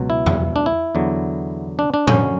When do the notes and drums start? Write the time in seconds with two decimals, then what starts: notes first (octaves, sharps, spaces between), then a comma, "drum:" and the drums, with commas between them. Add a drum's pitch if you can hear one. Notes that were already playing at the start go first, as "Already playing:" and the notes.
Already playing: C#2 B2 F#3
0.10 E4
0.26 drum: tom E2
0.56 D4
0.66 E4
0.95 E2 D3 F#3
1.79 D4
1.94 D4
2.07 F#2 D3 F#3 C#4, drum: tom A2